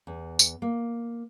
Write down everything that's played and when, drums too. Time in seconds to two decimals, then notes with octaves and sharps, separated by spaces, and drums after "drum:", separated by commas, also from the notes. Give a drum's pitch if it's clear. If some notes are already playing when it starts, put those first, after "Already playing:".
0.07 E2
0.39 drum: tambourine
0.62 A#3